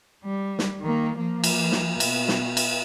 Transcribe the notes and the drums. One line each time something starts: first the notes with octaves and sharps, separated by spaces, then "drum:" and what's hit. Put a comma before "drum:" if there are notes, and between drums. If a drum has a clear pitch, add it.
G3
drum: snare
D#3 A#3
F3 A#3
drum: cymbal
drum: snare
B2, drum: cymbal
drum: snare
drum: cymbal